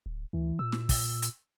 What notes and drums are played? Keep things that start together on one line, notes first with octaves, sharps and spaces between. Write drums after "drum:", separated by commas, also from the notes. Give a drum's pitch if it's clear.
D1
D2 E3
A#2 E6
drum: snare
drum: kick, open hi-hat
drum: hi-hat